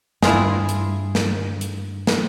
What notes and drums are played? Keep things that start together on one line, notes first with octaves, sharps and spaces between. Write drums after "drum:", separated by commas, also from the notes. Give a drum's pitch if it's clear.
G2 E4 F4 G#4, drum: snare
drum: hi-hat
drum: snare
drum: hi-hat
drum: snare